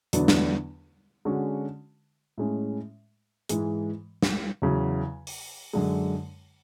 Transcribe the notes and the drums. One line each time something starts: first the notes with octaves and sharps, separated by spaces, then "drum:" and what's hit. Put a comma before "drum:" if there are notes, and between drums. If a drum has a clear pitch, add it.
E2 D3 F#3 B3 D4, drum: hi-hat
drum: snare
D3 G#3 C#4 F#4
A2 G#3 C#4
G#2 E3 G#3, drum: hi-hat
drum: snare
E2 C#3 F#3
drum: open hi-hat
F#2 D3 G#3